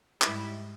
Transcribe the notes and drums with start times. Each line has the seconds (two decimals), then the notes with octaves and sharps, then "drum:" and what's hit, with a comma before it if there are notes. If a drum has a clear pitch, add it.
0.22 G#2 G3 E4, drum: clap